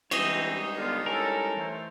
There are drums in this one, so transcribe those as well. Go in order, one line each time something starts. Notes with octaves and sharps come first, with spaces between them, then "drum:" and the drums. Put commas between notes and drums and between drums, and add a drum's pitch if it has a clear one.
E3 G3 G#3 C4 D#4 C#5 D#5, drum: cymbal
D3 B3 F4
C#4 E4 A4 A#4
E3 A3 C5